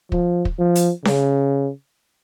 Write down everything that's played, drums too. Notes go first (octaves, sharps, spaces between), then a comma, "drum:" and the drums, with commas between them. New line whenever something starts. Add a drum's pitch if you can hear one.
F3, drum: kick
drum: kick
F3
drum: hi-hat
C#3, drum: snare C#4